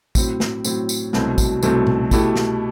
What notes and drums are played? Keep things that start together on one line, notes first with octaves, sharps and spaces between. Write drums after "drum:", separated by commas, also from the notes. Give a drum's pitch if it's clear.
A2 F#3 C4, drum: kick, tambourine
drum: snare
A2 F#3 C4, drum: tambourine
drum: tambourine
C2 B2 F#3 A3 C4, drum: snare
drum: kick, tambourine
C2 B2 F#3 A3 C4, drum: tambourine
drum: tom A#2
B2 A3 E4 G4, drum: kick, tambourine
drum: snare